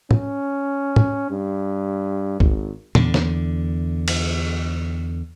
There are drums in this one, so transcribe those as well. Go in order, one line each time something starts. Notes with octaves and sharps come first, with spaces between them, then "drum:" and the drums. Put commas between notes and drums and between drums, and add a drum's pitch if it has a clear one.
C#4, drum: tom
drum: tom
G2
G#1, drum: kick
E2 D3, drum: tom
drum: snare
drum: cymbal